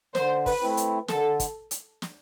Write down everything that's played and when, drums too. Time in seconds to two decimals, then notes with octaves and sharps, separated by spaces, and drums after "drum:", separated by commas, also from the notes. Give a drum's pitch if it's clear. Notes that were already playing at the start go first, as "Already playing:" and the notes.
0.15 D3 C5, drum: snare
0.46 B4, drum: kick, open hi-hat
0.62 A3 C4 E4
0.77 drum: hi-hat
1.08 D3 A4, drum: snare
1.40 drum: kick, hi-hat
1.71 drum: hi-hat
2.02 drum: snare